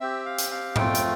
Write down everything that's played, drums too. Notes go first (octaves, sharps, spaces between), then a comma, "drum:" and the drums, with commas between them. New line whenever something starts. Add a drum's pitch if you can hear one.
C4 G4 E5
F5
drum: hi-hat
F5
A3 C4 F4 G5, drum: tom G#2
drum: hi-hat